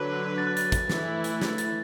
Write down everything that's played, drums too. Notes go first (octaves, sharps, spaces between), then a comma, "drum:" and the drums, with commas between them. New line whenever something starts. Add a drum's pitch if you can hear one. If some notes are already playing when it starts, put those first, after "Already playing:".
Already playing: D3 F#3 D4 B4
A6
F#6
A6, drum: hi-hat
drum: kick, hi-hat
E3 A3 E4, drum: snare
drum: hi-hat
drum: snare
A6, drum: hi-hat